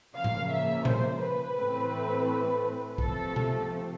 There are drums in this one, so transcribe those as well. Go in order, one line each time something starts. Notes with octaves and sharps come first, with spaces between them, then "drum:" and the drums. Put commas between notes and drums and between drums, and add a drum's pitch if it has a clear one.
C#3 F3 A#3 F5
drum: tom A2
E5
C5, drum: tom A#2
B4
A2 E3 A3 C4
C3 F3 A3 A4, drum: kick
drum: tom B2